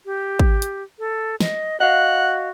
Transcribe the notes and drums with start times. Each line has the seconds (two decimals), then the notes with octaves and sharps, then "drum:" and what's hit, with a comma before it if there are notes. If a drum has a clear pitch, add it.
0.06 G4
0.39 drum: kick G#1
0.62 drum: hi-hat
0.99 A4
1.40 D#5, drum: snare
1.80 F#4 D#5 F5 F#5